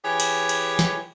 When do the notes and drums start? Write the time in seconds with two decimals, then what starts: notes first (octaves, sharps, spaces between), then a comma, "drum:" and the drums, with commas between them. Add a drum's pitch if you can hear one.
0.05 E3 G4 G#4 C#5
0.20 drum: cymbal
0.49 drum: cymbal
0.79 drum: snare